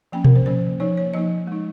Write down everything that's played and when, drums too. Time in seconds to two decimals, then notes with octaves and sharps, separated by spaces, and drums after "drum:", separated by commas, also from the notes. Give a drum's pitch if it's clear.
0.12 F3 A#3 C#4 G5
0.24 A#4, drum: tom B2
0.35 C5
0.46 F3 A#3 C#4 C5
0.80 F3 A#3 D#4 C#5
0.97 C#5
1.14 F3 A#3 D#4 D#5
1.47 G#3 D#4